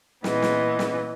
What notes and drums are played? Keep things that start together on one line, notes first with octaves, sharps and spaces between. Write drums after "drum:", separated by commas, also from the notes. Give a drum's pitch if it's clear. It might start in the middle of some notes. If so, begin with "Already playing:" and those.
A#2 E3 B3 D#5, drum: snare
drum: snare
drum: snare